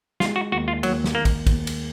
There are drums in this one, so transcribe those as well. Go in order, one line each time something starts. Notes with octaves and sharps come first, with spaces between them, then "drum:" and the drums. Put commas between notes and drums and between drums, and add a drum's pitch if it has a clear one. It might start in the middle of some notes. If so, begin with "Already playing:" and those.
G#3 F4, drum: snare
F#4
D#2 F#4
F4
D#2 F#3, drum: cymbal
drum: snare
D#2 A#3
drum: kick, cymbal
D#2, drum: kick, cymbal
drum: cymbal